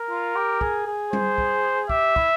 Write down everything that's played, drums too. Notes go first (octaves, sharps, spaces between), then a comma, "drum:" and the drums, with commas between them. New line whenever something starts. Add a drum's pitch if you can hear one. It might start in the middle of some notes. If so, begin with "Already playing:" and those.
Already playing: A#4
F4
G4
G#4, drum: kick
G#4
C5, drum: tom G3
drum: kick
G4 E5, drum: kick
E4, drum: kick